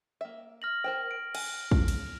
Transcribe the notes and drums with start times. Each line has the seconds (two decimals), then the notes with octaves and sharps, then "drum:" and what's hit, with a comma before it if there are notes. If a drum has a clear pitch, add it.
0.21 A#3 E5
0.62 F6 A#6 F#7
0.84 A#4 C5 G5
1.11 D7
1.35 G#5, drum: cymbal
1.71 drum: kick
1.88 drum: cymbal